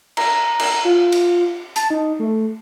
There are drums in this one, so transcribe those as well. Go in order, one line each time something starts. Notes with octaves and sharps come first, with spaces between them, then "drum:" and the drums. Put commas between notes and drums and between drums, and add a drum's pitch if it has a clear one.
A#5, drum: cymbal
drum: cymbal
F4
drum: cymbal
A5, drum: hi-hat
D#4
A3